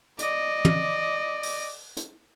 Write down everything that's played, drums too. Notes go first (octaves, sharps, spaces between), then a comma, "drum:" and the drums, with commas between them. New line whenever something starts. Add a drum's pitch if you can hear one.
D5 D#5, drum: hi-hat
drum: tom
drum: open hi-hat
drum: hi-hat